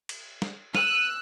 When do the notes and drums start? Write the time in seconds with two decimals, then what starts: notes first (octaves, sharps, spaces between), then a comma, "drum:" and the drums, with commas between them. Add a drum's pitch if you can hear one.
0.09 drum: cymbal
0.42 drum: snare
0.75 E6 F#6 D#7, drum: snare